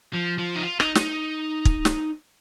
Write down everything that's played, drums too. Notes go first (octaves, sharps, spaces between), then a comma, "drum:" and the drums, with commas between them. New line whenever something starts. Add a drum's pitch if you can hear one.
F3
F3
D#4
F4
D#4, drum: rim click
D#4, drum: snare
drum: kick
drum: snare